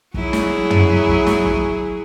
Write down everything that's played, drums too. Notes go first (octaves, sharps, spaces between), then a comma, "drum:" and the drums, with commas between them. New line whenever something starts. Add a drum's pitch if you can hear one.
F#3 E4 G#4, drum: kick
drum: snare
drum: tom
drum: kick
drum: snare
drum: kick